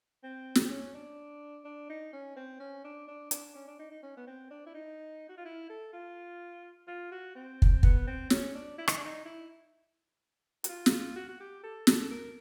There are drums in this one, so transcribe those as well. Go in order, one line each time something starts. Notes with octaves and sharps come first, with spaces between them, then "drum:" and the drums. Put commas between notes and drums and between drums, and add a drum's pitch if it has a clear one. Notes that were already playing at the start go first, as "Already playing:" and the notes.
C4
drum: snare
C4
C#4
D4
D4
D#4
C#4
C4
C#4
D4
D4
D4, drum: hi-hat
C#4
D4
D#4
D#4
C#4
B3
C4
D4
E4
D#4
F#4
F4
E4
A4
F4
F4
F#4
C4
drum: kick
B3, drum: kick
C4
C#4, drum: snare
D4
E4
D#4, drum: rim click
D4
D#4
E4
F#4, drum: hi-hat
F4
drum: snare
F#4
F#4
G4
A4
A4, drum: snare
A4
A#4